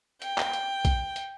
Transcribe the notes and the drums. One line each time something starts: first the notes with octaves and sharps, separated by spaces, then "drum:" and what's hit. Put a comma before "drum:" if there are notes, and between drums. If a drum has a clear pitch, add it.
G5, drum: hi-hat
drum: clap
drum: hi-hat
drum: kick A#1, hi-hat
drum: hi-hat